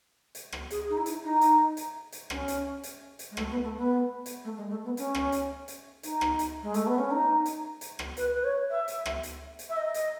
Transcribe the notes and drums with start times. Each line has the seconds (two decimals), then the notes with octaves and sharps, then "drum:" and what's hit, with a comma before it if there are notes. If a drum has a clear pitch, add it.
0.35 drum: hi-hat
0.52 drum: rim click
0.70 G#4, drum: hi-hat
0.89 D#4
0.97 E4
1.06 drum: hi-hat
1.24 D#4
1.41 drum: hi-hat
1.77 drum: hi-hat
2.12 drum: hi-hat
2.30 C#4, drum: rim click
2.48 drum: hi-hat
2.83 drum: hi-hat
3.19 drum: hi-hat
3.31 G#3
3.37 A3, drum: rim click
3.50 B3
3.63 A3
3.76 B3
4.26 drum: hi-hat
4.44 A3
4.56 G#3
4.70 A3
4.84 B3
4.97 C#4, drum: hi-hat
5.15 drum: rim click
5.32 drum: hi-hat
5.68 drum: hi-hat
6.03 D#4, drum: hi-hat
6.21 drum: rim click
6.39 drum: hi-hat
6.62 G#3
6.74 A3, drum: hi-hat
6.86 B3
6.98 C#4
7.10 D#4
7.46 drum: hi-hat
7.81 drum: hi-hat
7.99 drum: rim click
8.17 B4, drum: hi-hat
8.32 B4
8.43 C#5
8.70 E5
8.88 drum: hi-hat
9.06 drum: rim click
9.23 drum: hi-hat
9.59 drum: hi-hat
9.69 E5
9.76 D#5
9.94 drum: hi-hat